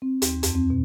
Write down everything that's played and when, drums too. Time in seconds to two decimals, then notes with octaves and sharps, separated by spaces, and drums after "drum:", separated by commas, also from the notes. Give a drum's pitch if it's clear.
0.02 C4
0.22 D#2, drum: hi-hat
0.43 F2, drum: hi-hat
0.55 C4
0.70 B2